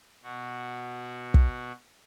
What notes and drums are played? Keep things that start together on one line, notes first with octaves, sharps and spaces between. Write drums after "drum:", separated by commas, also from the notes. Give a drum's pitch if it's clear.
B2 F#4
drum: kick